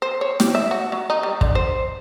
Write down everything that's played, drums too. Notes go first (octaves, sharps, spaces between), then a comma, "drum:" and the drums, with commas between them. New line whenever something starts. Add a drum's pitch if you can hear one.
C5
C#5
G4, drum: snare
E5
F#4
F#3
D#4
G3
D3, drum: kick
C5